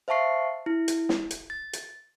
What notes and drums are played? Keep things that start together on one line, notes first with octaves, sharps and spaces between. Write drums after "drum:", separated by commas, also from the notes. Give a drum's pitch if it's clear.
C5 E5 F5 A5 C#6 C7
E4
drum: hi-hat
drum: snare
drum: hi-hat
A6
drum: hi-hat